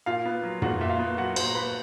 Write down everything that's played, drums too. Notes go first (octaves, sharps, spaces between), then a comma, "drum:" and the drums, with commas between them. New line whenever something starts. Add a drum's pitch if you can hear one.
A#2 F4 F5
B3
F#3
A#2 F#4 F#5, drum: tom
A#2 E5
F4 F5
B3
F#3 F#4 F#5
A#2 C5 C6, drum: cymbal
A#5
A#2 B4 B5